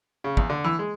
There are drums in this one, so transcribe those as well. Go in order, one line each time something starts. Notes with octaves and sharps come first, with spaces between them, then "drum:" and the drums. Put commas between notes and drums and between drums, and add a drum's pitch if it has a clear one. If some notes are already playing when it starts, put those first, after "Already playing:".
C#3
E2, drum: kick
D3
E3
G#3